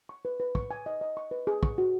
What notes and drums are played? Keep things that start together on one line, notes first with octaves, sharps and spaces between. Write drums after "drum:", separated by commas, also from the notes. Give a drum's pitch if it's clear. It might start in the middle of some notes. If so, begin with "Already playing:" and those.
C#6
B4
B4
C#6, drum: kick
G#5
D#5
D#5
C#6
B4
G#4
C#6, drum: kick
F#4